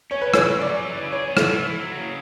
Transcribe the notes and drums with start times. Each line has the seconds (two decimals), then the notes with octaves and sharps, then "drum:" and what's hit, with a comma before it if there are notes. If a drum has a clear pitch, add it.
0.11 C#4 C#5
0.21 B4
0.27 C#3
0.34 C#5, drum: rim click
0.44 F#2
0.61 C#4 D5
0.78 E3
0.94 C#3
1.11 G#4 C#5
1.28 B3
1.37 drum: rim click
1.46 E3
1.62 E4
1.78 F#3
1.96 C#3